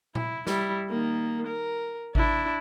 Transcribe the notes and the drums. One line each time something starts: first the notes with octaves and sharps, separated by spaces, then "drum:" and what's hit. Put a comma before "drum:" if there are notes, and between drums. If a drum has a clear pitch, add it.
E4, drum: tom A#2
G3 E4, drum: snare
D#3 A#3
A#4
D4 E4, drum: kick G#1